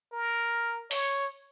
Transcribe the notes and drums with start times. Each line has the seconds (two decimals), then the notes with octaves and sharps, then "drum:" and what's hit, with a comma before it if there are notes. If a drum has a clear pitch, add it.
0.13 A#4
0.91 C#5, drum: open hi-hat